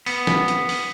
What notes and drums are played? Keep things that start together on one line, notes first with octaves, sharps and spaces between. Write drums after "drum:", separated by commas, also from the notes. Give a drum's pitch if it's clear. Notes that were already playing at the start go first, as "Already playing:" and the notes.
B3, drum: open hi-hat
drum: snare
drum: hi-hat
drum: open hi-hat